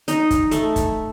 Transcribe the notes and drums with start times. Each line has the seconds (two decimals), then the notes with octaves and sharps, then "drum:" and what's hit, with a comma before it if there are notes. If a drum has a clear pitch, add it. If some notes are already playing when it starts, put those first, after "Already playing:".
0.08 D#4, drum: hi-hat
0.30 drum: kick, hi-hat
0.51 A3, drum: hi-hat
0.76 drum: kick, hi-hat